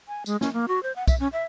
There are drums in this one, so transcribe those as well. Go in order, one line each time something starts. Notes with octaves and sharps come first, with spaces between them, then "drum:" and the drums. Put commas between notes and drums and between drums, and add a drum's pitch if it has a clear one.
G#5
G#3, drum: tambourine
C#4, drum: snare
A#3
F#4
C5
F#5
E5, drum: kick B1, tambourine
C#4
E5